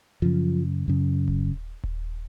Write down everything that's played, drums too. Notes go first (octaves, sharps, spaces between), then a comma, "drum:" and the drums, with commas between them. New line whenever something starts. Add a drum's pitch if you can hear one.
F#2 C#3 F3
F#2 C#3
drum: kick D#1
drum: kick D#1